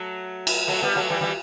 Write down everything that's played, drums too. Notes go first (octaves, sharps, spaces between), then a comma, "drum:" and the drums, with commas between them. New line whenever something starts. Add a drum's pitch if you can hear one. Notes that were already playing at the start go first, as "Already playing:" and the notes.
Already playing: F#3 A3
drum: cymbal
F#3 A3
G3 B3
F#3 A3
E3 G3
E3 G3